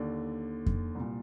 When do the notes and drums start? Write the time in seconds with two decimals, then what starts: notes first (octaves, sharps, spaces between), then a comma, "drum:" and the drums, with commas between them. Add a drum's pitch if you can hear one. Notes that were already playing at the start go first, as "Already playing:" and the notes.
Already playing: D#2 D3 D5
0.66 drum: kick F2
0.95 C2 A#2